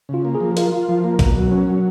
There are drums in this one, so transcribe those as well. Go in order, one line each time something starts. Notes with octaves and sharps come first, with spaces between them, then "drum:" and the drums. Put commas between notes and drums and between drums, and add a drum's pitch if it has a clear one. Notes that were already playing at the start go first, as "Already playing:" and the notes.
C#3 F4
A#3
G#4
F3
F4 A#4, drum: hi-hat
F4
F3
A#3
B2, drum: kick A#1, hi-hat
F#3
C#4
F#3